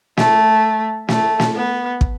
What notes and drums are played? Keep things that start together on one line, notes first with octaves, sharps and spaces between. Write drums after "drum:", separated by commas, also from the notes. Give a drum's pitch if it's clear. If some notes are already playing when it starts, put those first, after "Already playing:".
A3, drum: snare
A3, drum: snare
drum: snare
B3
drum: kick